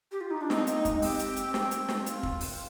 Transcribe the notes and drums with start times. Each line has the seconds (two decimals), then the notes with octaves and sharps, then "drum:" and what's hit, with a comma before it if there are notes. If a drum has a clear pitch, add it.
0.12 G4
0.21 F4
0.31 D#4
0.41 D4
0.50 C4 D#4, drum: snare
0.67 A#3, drum: hi-hat
0.85 G#3, drum: kick, hi-hat
1.02 C4 G4, drum: open hi-hat
1.19 drum: hi-hat
1.37 drum: hi-hat
1.54 drum: snare
1.71 drum: hi-hat
1.89 drum: snare
2.06 F4, drum: hi-hat
2.23 drum: kick
2.40 drum: open hi-hat